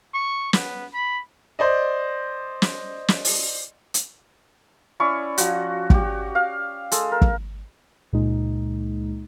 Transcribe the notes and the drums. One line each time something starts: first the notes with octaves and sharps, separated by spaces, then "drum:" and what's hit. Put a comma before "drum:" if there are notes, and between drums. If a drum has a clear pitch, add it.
C#6
B3, drum: snare
B5
C5 D5 D#5
drum: snare
drum: snare
drum: open hi-hat
drum: hi-hat
C#4 E4 D5 C#6
F3 F#4, drum: hi-hat
F#4 G4, drum: kick
F5
G#3 A4, drum: hi-hat
A#4
drum: kick
C#2 A#2 G#3 D#4